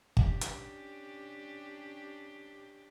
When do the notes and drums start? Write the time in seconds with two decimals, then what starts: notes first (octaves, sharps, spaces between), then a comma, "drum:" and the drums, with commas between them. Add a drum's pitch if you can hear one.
0.17 C#4 D4 G4, drum: kick
0.41 drum: hi-hat